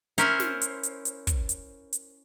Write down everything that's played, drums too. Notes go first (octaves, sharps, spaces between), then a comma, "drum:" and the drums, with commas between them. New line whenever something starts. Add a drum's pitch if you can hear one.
C#4 E4 A#4 C5, drum: hi-hat
drum: snare
drum: hi-hat
drum: hi-hat
drum: hi-hat
drum: kick, hi-hat
drum: hi-hat
drum: hi-hat